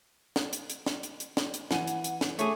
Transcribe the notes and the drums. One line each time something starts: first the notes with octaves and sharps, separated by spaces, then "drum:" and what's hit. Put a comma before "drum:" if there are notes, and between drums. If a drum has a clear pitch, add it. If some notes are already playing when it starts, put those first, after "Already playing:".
drum: snare
drum: hi-hat
drum: hi-hat
drum: snare
drum: hi-hat
drum: hi-hat
drum: snare
drum: hi-hat
E3 F#5 G#5 D#7, drum: snare
drum: hi-hat
drum: hi-hat
drum: snare
A3 G#4 C#5 D6, drum: hi-hat